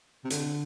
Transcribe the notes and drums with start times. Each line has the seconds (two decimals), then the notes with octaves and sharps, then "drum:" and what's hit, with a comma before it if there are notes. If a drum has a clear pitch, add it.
0.24 C3
0.30 D3, drum: hi-hat